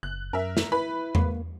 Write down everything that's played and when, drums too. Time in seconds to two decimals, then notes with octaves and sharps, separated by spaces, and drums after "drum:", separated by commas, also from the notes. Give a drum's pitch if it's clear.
0.03 F#1 F#6
0.33 F#2 A#4 E5
0.57 drum: snare
0.72 E4 B4 B5
1.15 A#3, drum: tom E2